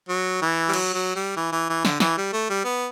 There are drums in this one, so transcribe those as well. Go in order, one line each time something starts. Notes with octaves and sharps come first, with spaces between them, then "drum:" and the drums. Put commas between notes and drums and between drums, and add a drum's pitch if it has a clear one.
F#3
E3
G3
F#3, drum: cymbal
F#3
G3
E3
E3
E3
D3, drum: snare
E3, drum: snare
G3
A3
G3
B3